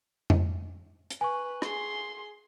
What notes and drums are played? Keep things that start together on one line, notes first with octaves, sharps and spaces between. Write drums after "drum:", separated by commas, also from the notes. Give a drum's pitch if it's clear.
drum: tom F2
drum: hi-hat
B4 G#5 C#6
G#4 C6, drum: rim click